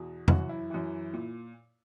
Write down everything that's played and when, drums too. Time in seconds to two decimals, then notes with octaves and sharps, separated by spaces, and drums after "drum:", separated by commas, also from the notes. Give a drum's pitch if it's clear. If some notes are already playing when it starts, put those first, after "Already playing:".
Already playing: E2 B2
0.28 F#2 E3 F#4, drum: tom F2
0.49 E4
0.70 F#2 E3
1.13 A#2